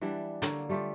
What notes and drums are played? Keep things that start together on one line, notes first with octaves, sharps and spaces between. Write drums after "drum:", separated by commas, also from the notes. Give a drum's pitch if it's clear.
E3 G3 D4 F#5
D3 A#3 C#5, drum: hi-hat
G3 A3 F4 G4